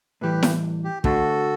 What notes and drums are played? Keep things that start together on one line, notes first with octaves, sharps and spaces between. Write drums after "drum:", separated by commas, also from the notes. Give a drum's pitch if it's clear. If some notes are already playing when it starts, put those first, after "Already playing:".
A2 E3 G3 G4 B4
drum: snare E4
G4
D2 D3 A3 F#4 A4, drum: kick